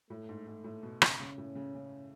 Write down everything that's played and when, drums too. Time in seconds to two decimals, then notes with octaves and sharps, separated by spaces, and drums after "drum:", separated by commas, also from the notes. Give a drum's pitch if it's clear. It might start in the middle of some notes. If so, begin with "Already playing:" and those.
0.10 A2 A3
0.29 G#2
0.47 G#2
0.64 A2
0.83 B2
1.02 C#3, drum: rim click
1.19 C#3 C#4
1.38 A2
1.55 C#3
1.75 C#3